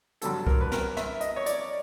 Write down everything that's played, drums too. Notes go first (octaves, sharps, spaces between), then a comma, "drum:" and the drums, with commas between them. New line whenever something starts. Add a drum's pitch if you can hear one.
G2 D3 F#3 A4, drum: hi-hat
A#4, drum: kick C2
B4
A#4, drum: snare
E5, drum: snare
D#5, drum: hi-hat
C#5
D5, drum: hi-hat